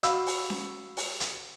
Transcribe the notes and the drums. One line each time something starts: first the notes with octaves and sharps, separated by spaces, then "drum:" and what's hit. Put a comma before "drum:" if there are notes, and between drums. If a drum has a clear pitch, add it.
F#4 F5 B5 E6, drum: hi-hat
drum: open hi-hat
drum: snare C#4
drum: open hi-hat
drum: hi-hat